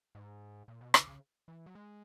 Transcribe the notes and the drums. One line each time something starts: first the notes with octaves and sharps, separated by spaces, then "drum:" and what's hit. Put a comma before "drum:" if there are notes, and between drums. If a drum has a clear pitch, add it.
G#2
A#2
B2
C#3, drum: rim click
C#3
E3
F#3
G#3